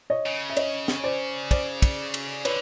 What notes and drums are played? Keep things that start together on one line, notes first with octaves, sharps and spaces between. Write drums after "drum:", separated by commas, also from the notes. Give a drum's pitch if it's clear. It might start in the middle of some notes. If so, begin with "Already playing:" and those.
C#5 D#5
C#3
E5
C#5 D#5, drum: cymbal
drum: snare
C5 D5
C5 D5, drum: kick, cymbal
drum: kick, cymbal
drum: cymbal
D3 B4 C#5, drum: cymbal